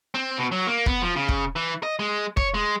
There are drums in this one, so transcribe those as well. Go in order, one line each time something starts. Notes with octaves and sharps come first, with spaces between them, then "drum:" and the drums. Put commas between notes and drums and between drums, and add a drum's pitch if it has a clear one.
C4
B2
F#3
A#3
B3, drum: kick
F3
C#3
drum: kick
E3
D#5
G#3
C#5, drum: kick
G#3